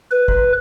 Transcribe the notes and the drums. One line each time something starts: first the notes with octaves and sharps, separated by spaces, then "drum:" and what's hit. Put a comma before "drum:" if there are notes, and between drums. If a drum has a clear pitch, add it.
B4
drum: kick